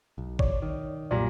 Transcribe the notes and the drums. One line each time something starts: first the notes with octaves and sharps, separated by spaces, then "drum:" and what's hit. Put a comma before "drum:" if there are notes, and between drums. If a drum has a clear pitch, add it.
B1
C#5 D5, drum: kick
D#3
B1 F#2 A#2 G3 D5 A#5